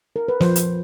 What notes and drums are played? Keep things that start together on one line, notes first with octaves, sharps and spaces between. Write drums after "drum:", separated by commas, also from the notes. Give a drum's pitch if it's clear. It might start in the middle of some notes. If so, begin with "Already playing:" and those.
A#4
B4
F3 C5, drum: snare
drum: hi-hat